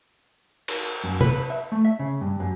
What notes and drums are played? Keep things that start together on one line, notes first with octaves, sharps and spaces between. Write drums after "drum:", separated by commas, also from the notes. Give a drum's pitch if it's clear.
drum: cymbal
F#2
B4, drum: tom
B4
E5
A3
E5
C#3
G2
F#2